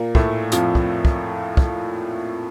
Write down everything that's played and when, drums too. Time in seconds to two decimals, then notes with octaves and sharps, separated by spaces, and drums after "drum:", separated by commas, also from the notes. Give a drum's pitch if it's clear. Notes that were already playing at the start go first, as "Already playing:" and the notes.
Already playing: A#2 A#3
0.15 A2 A3, drum: kick
0.52 F2 F3, drum: hi-hat
0.75 drum: kick
1.05 drum: kick
1.57 drum: kick